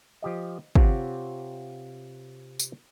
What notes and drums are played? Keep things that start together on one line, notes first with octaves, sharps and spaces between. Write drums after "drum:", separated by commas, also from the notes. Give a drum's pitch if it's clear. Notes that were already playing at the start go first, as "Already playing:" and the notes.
F3 G4 D#5
C3 C4 F4 G4 C#5 F#5, drum: kick
drum: tambourine